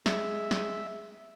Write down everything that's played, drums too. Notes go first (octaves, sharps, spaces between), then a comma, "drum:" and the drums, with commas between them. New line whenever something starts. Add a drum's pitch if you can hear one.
G#3 E5, drum: snare
drum: snare